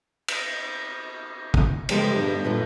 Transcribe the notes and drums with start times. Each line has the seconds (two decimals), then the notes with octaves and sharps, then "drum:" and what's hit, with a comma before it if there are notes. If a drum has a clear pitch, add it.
0.28 drum: cymbal
1.54 drum: kick
1.89 C#3 F3 G#3 G4 A4 B4, drum: cymbal
2.14 G2 B2 D3
2.44 F#2 A#2 F4 A4 B4